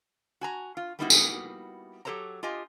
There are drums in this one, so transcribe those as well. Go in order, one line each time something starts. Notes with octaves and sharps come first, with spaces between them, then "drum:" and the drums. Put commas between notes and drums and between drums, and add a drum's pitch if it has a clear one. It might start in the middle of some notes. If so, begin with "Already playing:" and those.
F#4 G#5 A#5
F4
G3 A#3 B3 D#4 E4 F#4
drum: tambourine
F#3 G4 A4 C5 C#5 A#5
F4 G4 D#5 G#5